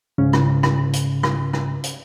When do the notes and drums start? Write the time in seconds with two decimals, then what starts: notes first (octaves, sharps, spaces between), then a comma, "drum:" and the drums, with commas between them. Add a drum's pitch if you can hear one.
0.18 C2 G#2 C#3 C#4
0.33 drum: rim click
0.63 drum: rim click
0.93 drum: hi-hat
1.23 drum: rim click
1.53 drum: rim click
1.84 drum: hi-hat